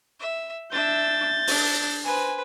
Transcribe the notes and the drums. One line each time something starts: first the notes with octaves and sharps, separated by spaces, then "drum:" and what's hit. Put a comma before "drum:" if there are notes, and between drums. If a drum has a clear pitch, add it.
E5
D4 E5 G6 A6
D4, drum: open hi-hat
B4 C5 G#5